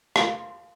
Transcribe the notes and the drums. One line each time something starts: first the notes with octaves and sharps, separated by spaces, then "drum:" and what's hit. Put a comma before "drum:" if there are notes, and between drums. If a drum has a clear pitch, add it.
F4, drum: rim click